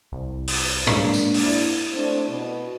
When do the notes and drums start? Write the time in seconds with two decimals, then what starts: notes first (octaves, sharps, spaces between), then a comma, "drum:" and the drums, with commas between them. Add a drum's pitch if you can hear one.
0.12 C2
0.47 drum: open hi-hat
0.87 G#3 A#3 D4, drum: tom G#2
1.14 drum: tambourine
1.34 drum: open hi-hat
1.46 E4
1.92 A3 C4 D4
2.28 B2